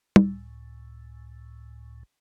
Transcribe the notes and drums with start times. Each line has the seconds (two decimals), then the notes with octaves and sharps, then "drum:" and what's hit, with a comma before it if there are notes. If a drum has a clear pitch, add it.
0.16 C#2 A2, drum: tom